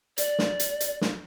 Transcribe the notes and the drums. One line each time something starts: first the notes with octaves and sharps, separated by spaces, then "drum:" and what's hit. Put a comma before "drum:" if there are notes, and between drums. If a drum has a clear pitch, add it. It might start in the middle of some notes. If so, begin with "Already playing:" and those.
D5, drum: hi-hat
drum: snare
drum: hi-hat
drum: hi-hat
drum: snare